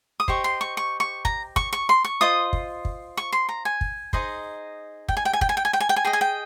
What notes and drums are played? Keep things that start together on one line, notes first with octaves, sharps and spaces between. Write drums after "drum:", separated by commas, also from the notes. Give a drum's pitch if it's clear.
D#6
G4 C5 D#5 C#6, drum: kick
C6
C#6
C#6
C#6
A#5, drum: kick
C#6, drum: kick
C#6
C6
C#6
F4 C5 D#5 D#6
drum: kick
drum: kick
C#6
C6
A#5
G#5
drum: kick
D#4 G#4 C5 D#5, drum: kick
G5, drum: kick
G#5
G5
G#5
G5, drum: kick
G#5
G5
G#5
G5
G#5
G5
G#5
G#4 D#5 G5
G#5
G5